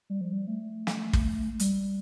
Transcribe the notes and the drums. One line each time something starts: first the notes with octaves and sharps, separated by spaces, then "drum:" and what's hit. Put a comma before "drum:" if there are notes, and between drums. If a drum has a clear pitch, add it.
G3
F3
G3
A3
drum: snare
drum: kick
G3, drum: hi-hat